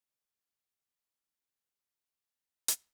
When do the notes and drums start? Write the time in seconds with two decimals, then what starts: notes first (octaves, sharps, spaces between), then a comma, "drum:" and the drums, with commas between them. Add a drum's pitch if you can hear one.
0.12 F2
0.40 D4
0.87 C5
1.14 C#3
1.43 G#3
1.80 G4
2.28 F4
2.68 drum: hi-hat